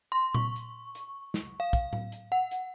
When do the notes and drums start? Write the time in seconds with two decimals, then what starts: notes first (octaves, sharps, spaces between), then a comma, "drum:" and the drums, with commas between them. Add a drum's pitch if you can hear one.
0.12 C6
0.34 C#6, drum: tom A#2
0.56 drum: hi-hat
0.95 drum: hi-hat
1.34 drum: snare
1.60 F5
1.73 drum: kick, hi-hat
1.93 drum: tom A2
2.12 drum: hi-hat
2.32 F#5
2.51 drum: hi-hat